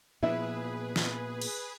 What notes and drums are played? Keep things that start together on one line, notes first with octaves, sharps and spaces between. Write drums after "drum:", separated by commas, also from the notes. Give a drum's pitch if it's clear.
A#2 F3 B3 E4 G#4 B4 E5
drum: snare
drum: cymbal